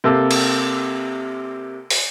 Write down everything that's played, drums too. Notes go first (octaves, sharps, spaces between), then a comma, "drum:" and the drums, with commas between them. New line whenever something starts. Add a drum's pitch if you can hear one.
C3 A#3 A4
drum: cymbal
drum: open hi-hat